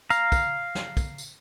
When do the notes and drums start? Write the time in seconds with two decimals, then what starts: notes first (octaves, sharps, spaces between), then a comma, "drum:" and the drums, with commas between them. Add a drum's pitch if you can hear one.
0.10 F5 A#5, drum: tambourine
0.32 drum: kick, tambourine
0.75 drum: snare
0.97 drum: kick, tambourine
1.18 drum: tambourine